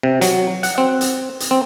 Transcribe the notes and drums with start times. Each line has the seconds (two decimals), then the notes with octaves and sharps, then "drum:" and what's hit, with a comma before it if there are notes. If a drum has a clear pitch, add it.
0.03 C3
0.21 F#3, drum: hi-hat
0.63 F#5, drum: hi-hat
0.78 C4
1.01 drum: hi-hat
1.40 drum: hi-hat
1.51 C4